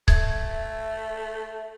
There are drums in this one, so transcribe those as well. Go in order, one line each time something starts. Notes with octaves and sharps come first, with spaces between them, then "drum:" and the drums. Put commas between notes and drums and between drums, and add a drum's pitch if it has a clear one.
A3 E5 G#6, drum: kick C#1